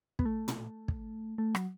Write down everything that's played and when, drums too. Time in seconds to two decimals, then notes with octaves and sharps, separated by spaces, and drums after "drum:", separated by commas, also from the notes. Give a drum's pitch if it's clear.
0.19 B3, drum: kick
0.26 A3
0.48 drum: tom
0.88 drum: kick
1.38 A3
1.55 F#3, drum: rim click